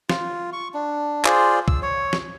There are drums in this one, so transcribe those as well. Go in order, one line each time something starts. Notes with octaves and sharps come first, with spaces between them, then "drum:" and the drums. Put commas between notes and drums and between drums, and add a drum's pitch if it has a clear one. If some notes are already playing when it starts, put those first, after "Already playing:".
F4, drum: snare
C#6
D4
F4 G#4 C5 D5, drum: clap
E6, drum: kick
C#5
drum: snare